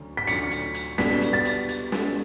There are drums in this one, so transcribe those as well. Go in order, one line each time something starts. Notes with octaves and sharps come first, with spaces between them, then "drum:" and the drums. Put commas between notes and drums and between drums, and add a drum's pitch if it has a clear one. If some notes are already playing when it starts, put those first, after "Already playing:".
Already playing: D2 D3 F#3 C#4
B6
D2 D3 F#3 C#4 C#7, drum: hi-hat
drum: hi-hat
drum: hi-hat
B2 G3 B3 D4 B6, drum: snare
drum: hi-hat
A6
drum: hi-hat
drum: hi-hat
drum: snare